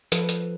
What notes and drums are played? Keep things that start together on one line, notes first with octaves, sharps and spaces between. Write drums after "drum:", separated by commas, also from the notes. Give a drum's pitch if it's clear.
F3 A4 B4, drum: hi-hat
drum: hi-hat